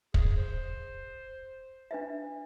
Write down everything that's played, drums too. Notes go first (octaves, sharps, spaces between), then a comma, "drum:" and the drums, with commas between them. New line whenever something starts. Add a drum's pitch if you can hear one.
G#4, drum: kick
C5
D4 B4 E5